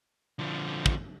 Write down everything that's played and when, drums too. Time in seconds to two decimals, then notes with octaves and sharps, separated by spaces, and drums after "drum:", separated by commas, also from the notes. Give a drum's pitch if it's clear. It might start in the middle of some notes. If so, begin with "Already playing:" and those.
0.39 D3 F3
0.86 drum: kick